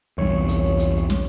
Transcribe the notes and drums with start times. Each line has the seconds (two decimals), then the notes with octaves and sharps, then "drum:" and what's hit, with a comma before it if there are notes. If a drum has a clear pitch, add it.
0.18 B1 E2 G2 C#5 C#6
0.48 drum: hi-hat
0.79 drum: hi-hat
1.10 drum: snare